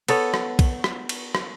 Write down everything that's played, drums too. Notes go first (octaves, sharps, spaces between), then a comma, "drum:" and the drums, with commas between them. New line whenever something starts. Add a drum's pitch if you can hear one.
B3 A4 C#5, drum: cymbal
drum: rim click
drum: kick, cymbal
drum: rim click
drum: cymbal
drum: rim click